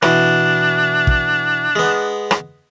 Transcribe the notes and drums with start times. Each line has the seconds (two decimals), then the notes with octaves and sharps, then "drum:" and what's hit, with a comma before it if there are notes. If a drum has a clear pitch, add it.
0.02 B2 E3 D4, drum: rim click
1.07 drum: kick
1.76 G#3 B3
2.31 drum: rim click